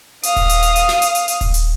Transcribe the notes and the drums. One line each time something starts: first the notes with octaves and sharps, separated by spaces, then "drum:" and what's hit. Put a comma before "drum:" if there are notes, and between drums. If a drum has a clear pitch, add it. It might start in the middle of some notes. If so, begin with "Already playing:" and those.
F5 D#6, drum: hi-hat
drum: kick D#1, open hi-hat
drum: hi-hat
drum: hi-hat
drum: hi-hat
drum: snare
drum: hi-hat
drum: hi-hat
drum: hi-hat
drum: kick D#1, open hi-hat
drum: hi-hat